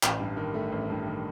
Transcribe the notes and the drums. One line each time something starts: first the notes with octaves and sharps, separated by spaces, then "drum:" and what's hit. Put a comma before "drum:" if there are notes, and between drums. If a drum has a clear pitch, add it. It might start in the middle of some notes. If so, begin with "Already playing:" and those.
A1, drum: clap
G2
D#3
A3
A1
G2
D#3